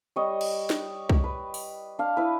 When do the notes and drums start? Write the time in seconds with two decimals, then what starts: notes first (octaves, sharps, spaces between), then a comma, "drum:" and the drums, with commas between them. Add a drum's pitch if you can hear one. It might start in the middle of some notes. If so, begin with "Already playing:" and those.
0.16 G3 C#5 D#5
0.41 drum: cymbal
0.70 drum: snare
1.09 drum: kick C2
1.24 B4
1.54 drum: open hi-hat
1.99 D4 F5
2.17 E4 B4